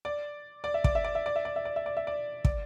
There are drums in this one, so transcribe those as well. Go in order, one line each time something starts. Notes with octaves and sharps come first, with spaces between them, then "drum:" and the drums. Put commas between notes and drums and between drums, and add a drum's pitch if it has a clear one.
D5
D5
E5
D5, drum: kick
E5
D5
E5
D5
E5
D5
E5
D5
E5
D5
E5
D5
D5, drum: kick